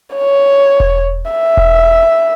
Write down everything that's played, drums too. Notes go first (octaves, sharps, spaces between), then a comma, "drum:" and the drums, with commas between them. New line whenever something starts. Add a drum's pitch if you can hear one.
C#5
drum: kick E1
E5
drum: kick E1